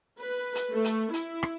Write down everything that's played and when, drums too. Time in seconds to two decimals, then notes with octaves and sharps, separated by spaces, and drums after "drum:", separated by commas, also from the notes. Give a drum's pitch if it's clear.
0.19 B4
0.55 drum: hi-hat
0.72 A3
0.84 drum: hi-hat
1.14 E4, drum: hi-hat
1.43 drum: rim click